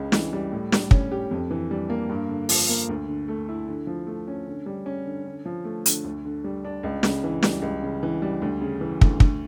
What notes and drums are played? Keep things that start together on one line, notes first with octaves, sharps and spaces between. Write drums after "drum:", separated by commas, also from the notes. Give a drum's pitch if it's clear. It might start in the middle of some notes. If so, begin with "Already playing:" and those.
Already playing: C#2 C#3
E3, drum: snare
G3
A2
G3, drum: snare
C#4, drum: kick
G4
F2
E3
G3
A#3
G2
D3
F3, drum: open hi-hat
A#3
D2
D3
A3
E4
D3
F3
A3
C#4
D3
G3
C#4
D3
D3
F3
A3
D3, drum: hi-hat
D2
D3
G3
D4
C#2
C#3, drum: snare
E3
G3, drum: snare
C#2
C#3
E3
G3
D2
C#3
E3
D2, drum: kick
D2, drum: kick